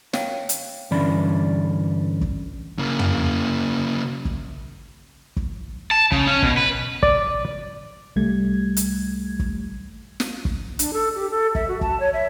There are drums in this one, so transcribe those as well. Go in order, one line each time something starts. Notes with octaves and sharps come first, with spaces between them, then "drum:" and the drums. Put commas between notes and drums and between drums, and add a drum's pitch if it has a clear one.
C#5 F5 G5, drum: snare
drum: hi-hat
G2 D3 E3 C#4 D5 B5
drum: kick
C#3 A#3
drum: tom
drum: kick
drum: kick
A5
C#3, drum: kick
C#4
B2, drum: kick
B4
D5, drum: kick
C2 G3 A3 G#6
drum: hi-hat
drum: kick
drum: snare
drum: kick
D4, drum: hi-hat
A4
G4
A4
E5, drum: kick
F#4
A5, drum: kick
C#5
E5